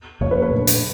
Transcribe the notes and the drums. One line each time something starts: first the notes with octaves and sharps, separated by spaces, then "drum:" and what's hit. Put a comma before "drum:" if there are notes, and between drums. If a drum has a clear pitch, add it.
F2 C#3 F3 A#3 C#5
B4
B4
A#2 F#3 A3 D4
drum: hi-hat